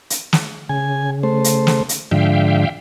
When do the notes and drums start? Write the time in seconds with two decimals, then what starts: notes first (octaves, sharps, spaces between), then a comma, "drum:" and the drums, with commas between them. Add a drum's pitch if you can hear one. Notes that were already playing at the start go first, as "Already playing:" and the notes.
0.10 drum: hi-hat
0.33 drum: snare
0.69 C#3 G#5
1.23 A3 C5
1.44 drum: hi-hat
1.67 drum: snare
1.89 drum: hi-hat
2.11 G#2 D3 F3 E5 F5 G5